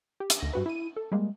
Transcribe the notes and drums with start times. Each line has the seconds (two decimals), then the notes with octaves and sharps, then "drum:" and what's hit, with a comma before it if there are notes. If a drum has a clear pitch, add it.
0.20 G4
0.30 drum: hi-hat
0.40 D2 A#6
0.53 G2 F#4 B4
0.66 E4 D#7
0.96 A4
1.12 G3 G#3 A#3